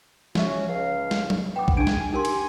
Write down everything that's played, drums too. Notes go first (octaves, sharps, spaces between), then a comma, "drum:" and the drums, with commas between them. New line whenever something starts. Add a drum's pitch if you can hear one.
F3 C#4 F#4 E5, drum: snare
C#2 F5
drum: snare
drum: tom F#3
B3 G5 D6
drum: kick A#1
D4 G#4 G#5 D7
drum: snare
D#4 G4 A#4 G#5 C6
drum: cymbal